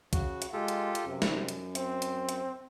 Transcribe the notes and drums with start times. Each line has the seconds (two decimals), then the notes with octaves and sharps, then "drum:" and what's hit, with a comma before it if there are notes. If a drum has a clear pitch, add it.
0.13 C#3 F#4, drum: kick C2, hi-hat
0.42 drum: hi-hat
0.53 G#3 F4 G4 A4
0.68 drum: hi-hat
0.95 drum: hi-hat
1.06 F#2 C3
1.22 drum: snare
1.48 drum: hi-hat
1.75 C4, drum: hi-hat
2.02 drum: hi-hat
2.29 drum: hi-hat